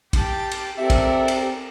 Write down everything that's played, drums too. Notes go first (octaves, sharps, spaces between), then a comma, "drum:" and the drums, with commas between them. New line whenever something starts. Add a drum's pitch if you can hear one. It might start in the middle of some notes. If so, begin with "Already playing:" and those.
G4 G5 A5, drum: kick, cymbal
drum: cymbal
C4 G4 A4 A#4 D5 E5
drum: kick, cymbal
drum: cymbal